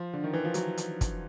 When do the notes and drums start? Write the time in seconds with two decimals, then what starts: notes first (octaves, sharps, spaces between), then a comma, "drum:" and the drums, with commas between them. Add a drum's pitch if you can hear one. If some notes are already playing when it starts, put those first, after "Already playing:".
Already playing: F3
0.13 D3
0.24 D#3
0.33 E3
0.45 F3
0.54 F#3, drum: hi-hat
0.78 drum: hi-hat
1.01 drum: kick, hi-hat